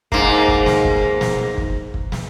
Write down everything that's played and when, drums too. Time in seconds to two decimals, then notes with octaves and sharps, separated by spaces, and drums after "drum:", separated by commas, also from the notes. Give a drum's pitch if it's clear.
0.12 G#2 A#3, drum: kick
0.48 drum: kick
0.66 drum: snare
0.85 drum: kick
1.21 drum: snare
1.57 drum: kick
1.94 drum: kick
2.12 drum: snare